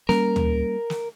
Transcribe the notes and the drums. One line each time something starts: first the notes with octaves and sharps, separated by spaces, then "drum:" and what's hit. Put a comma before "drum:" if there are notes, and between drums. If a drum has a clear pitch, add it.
G3 A#3 C#4 A#4, drum: snare
drum: tom
drum: snare